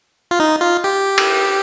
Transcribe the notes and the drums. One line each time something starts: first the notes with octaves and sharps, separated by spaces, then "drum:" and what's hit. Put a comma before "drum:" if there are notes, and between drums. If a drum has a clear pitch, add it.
F4
D#4
F4
G4
drum: cymbal